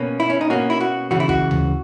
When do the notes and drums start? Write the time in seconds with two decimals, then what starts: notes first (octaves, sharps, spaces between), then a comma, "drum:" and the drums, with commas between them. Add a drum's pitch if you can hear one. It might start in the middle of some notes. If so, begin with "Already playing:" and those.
Already playing: B2 A#3 C#4
0.20 E4
0.30 C#4
0.41 D#4
0.50 B2 A#3 C#4 F#4
0.70 E4
0.80 F#4
1.11 C#2 C#3 E3 F#4
1.20 E4
1.29 F#4, drum: kick
1.51 drum: tom D2